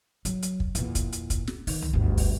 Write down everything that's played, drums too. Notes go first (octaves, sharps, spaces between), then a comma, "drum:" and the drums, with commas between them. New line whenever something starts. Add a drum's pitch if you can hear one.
F#3, drum: hi-hat
drum: hi-hat
drum: kick
E2 A#2, drum: hi-hat
drum: kick, hi-hat
drum: hi-hat
drum: kick, hi-hat
drum: snare
D#3, drum: open hi-hat
drum: tom C2
G1 D2
drum: kick, open hi-hat